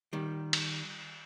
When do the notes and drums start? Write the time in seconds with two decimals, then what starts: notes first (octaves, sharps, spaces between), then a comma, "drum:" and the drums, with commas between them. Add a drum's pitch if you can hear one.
0.13 D#3 G3
0.53 drum: cymbal